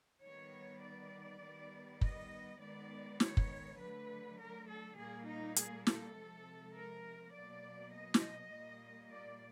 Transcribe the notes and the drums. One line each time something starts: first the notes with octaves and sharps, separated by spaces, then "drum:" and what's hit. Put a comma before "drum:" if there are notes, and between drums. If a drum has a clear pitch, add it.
D#3 G3 B3 C#5
D5
D#3 G3 B3
D#5, drum: kick
D#3 G#3 B3 D5
C#5, drum: snare
drum: kick
D3 F#3 A3 B4
A#4
A4
A#2 G3 A#3 G#4
D#4
G#4, drum: hi-hat
A4, drum: snare
C3 F3 G#3
A#4
B2 F#3 A#3 D5
D#5
drum: snare
A#2 G3 A#3
D5